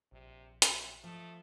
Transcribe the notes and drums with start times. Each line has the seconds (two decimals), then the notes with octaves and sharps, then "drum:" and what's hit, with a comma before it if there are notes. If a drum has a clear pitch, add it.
0.12 A#1 C3
0.62 F#3 E4, drum: hi-hat
1.04 F3 A3 D#5 F5